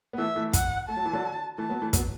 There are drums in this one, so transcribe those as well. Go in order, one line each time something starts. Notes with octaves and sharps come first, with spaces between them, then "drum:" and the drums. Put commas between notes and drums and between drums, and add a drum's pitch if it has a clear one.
B3
E3 A3 E5
E3 A3
F#5, drum: kick, hi-hat
A3 A5
F#3
E3
D3 F#3
E3 A3 A5
F#3 B3
E3 A3
F#3 B3, drum: kick, hi-hat